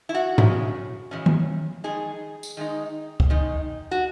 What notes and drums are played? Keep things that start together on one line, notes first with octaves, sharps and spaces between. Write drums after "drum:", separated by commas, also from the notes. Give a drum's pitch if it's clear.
E4
F#4
C#3 E3 G#3 C#4, drum: tom G#2
C#3 E3 G#3 C#4
drum: tom D#3
D#3 G#3 D#4 G#4
drum: tambourine
D#3 G#3 D#4
drum: kick C#2
D#3 G#3 D#4
F#4